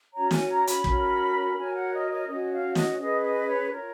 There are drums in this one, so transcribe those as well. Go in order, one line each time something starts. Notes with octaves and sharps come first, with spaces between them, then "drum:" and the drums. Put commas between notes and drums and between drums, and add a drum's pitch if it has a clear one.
C#4 F#4 C#5 A#5
G#5, drum: snare
A#5
B5, drum: hi-hat
C#4 F#4 A#4 C#5, drum: kick
F#4 A#4 C#5 G#5
F#5
D#5
D#5
C#4 F#4 C#5 D#5
F5
D#5, drum: snare
C#4 G#4 B4 D#5
D#5
C#5
F4 A#4 C#5